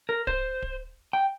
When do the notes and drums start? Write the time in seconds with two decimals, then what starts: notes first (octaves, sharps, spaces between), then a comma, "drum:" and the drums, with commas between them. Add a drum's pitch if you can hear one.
0.09 A#4
0.27 C5, drum: kick D1
0.62 drum: kick D1
1.13 G5